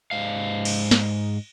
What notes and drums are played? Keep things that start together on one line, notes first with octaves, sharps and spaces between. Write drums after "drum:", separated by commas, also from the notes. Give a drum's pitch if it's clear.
G#2 F5
drum: cymbal
drum: snare